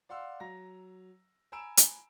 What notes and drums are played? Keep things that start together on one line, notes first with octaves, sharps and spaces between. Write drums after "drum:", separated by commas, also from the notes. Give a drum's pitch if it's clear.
D5 F5 F#5 C6 E6
F#3 A#5 A#6
G#5 A#5 B5 E6 D7 E7
drum: hi-hat